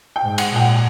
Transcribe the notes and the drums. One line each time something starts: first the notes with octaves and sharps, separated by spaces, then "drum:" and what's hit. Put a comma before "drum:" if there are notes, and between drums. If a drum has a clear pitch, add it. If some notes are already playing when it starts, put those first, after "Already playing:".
G5
G#2
F#5, drum: cymbal
A#2 G5
F#5